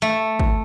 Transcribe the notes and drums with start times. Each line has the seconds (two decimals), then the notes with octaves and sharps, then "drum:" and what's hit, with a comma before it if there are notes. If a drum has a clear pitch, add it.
0.02 A3
0.39 drum: kick